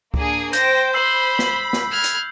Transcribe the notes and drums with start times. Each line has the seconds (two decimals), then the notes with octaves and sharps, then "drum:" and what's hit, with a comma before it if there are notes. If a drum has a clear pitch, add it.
0.14 A#3 D4 G#4, drum: kick C#2
0.53 C5 G5 G6 A#6, drum: hi-hat
0.94 C5 B5 E6 C7 F#7
1.39 drum: snare
1.73 drum: snare
1.92 F6 G#6
2.04 drum: hi-hat